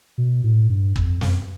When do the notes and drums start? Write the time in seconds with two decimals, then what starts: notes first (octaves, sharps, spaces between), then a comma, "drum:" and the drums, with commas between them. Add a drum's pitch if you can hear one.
0.18 B2
0.44 A2
0.70 G2
0.96 F2, drum: kick
1.21 F#2, drum: snare